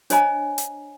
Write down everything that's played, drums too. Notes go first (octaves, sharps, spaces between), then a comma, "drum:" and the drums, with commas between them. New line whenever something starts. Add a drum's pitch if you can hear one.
D4 C5 C#5 D#5 G#5 A#5, drum: hi-hat
drum: hi-hat